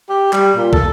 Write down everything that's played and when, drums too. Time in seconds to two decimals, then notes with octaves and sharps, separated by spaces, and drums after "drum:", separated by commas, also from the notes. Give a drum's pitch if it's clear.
0.09 G4
0.33 G3, drum: clap
0.56 A#2
0.73 A4, drum: kick